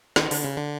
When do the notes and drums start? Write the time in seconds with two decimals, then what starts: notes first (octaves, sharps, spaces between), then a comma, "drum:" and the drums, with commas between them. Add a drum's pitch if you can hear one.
0.16 D#3, drum: snare
0.31 D3, drum: open hi-hat
0.44 C#3
0.57 D3